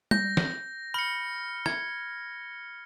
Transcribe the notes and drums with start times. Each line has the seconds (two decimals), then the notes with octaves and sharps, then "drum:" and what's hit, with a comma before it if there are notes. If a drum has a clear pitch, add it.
0.11 G6 A#6, drum: tom G3
0.37 drum: snare
0.94 B5 F6 C#7
1.66 G#6, drum: rim click